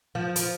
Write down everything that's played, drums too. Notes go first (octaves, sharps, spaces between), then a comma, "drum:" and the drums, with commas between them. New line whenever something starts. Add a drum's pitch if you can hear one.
F3
F3, drum: hi-hat